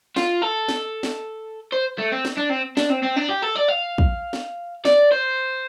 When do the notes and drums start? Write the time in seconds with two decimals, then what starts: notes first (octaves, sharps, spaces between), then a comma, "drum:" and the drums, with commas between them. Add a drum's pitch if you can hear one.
0.17 F4, drum: snare
0.42 A4
0.69 drum: snare
1.03 drum: snare
1.73 C5
1.98 A3
2.12 C4
2.25 drum: snare
2.37 D4
2.50 C4
2.77 D4, drum: snare
2.90 C4
3.03 C4
3.16 D4
3.29 G4
3.42 A4
3.55 D5
3.68 F5
3.98 drum: kick
4.33 drum: snare
4.85 D5, drum: snare
5.12 C5